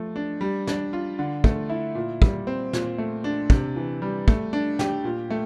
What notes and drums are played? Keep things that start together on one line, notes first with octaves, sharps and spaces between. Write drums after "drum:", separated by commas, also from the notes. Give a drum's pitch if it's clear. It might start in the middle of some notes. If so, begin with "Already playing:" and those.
Already playing: F3 A3
D4
G3
D4, drum: snare
F4
D3
A3, drum: kick
E4
A#2
G3, drum: kick
C4
A#2, drum: snare
A3
D4
C3, drum: kick
E3
G3
A3, drum: kick
D4
G4, drum: snare
A#2
A3